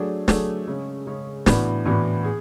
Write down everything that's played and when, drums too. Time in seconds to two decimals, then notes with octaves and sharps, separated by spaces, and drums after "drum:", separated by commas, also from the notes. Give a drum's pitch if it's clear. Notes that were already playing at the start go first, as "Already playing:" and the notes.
Already playing: F#3 A3 D4 G#4
0.28 F#3 A3 D4 G#4, drum: snare
0.67 C#3 G#3 C#4
1.07 C#3 G#3 C#4
1.46 A2 E3 B3 D4 F#4, drum: snare
1.85 A2 E3 B3 D4 F#4
2.24 G#4